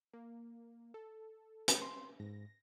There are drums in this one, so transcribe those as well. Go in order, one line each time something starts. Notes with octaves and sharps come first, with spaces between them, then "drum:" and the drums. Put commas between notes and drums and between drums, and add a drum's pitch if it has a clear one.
A#3
A4
drum: hi-hat
C6
G#2 A#6